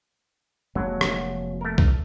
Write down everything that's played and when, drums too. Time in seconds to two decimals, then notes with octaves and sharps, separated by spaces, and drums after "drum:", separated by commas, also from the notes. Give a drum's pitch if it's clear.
0.75 F1 F#3 G#3 A#3
1.01 drum: rim click
1.61 A3 A#4
1.78 drum: kick C2